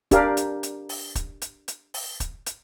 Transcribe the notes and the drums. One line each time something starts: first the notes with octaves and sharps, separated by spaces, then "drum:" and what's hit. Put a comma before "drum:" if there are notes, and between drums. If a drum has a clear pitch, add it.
D4 G4 A#4 D5 F5, drum: kick, hi-hat
drum: hi-hat
drum: hi-hat
drum: open hi-hat
drum: kick, hi-hat
drum: hi-hat
drum: hi-hat
drum: open hi-hat
drum: kick, hi-hat
drum: hi-hat